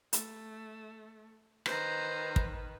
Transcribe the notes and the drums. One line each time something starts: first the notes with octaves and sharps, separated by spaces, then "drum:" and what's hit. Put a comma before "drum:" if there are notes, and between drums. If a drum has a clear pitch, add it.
A3, drum: hi-hat
D#3 B4 C5 A#5, drum: rim click
drum: kick